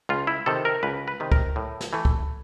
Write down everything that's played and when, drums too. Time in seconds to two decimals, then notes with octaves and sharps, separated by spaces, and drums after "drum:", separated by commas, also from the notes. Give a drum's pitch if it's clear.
0.09 C#2 F4
0.27 E4
0.46 C3 D#3 A4
0.65 A#4
0.83 C#2 B4
1.08 B4
1.20 C3 D#3
1.32 A#4, drum: kick
1.56 A2
1.81 drum: snare
1.93 E3 A3
2.05 drum: kick